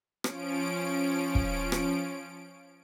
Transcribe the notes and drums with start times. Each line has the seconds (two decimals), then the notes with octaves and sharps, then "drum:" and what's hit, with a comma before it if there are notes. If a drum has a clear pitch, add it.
0.24 F3 C#4 D7, drum: rim click
1.35 drum: kick
1.72 drum: rim click